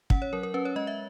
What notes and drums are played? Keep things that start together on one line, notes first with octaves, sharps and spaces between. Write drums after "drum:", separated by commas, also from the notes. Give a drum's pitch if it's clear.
C#4 F#5, drum: kick
C#5
F#3 A#4
A#4
C#4 B4
C#5
G#3 D#5
E5